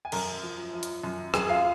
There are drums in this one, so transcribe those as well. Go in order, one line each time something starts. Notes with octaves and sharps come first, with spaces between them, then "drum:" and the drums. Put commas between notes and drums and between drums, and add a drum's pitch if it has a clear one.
G#5
F#2 A#4 A#5, drum: cymbal
F3
F3
drum: hi-hat
F#2
F#2 G#4 G#5, drum: rim click
F4 F5